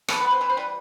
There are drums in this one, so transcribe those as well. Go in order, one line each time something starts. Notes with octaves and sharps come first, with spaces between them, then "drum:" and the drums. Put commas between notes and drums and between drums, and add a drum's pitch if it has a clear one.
E3 A4, drum: rim click
B4
B3
C5
E3 B4
C5
G3 B4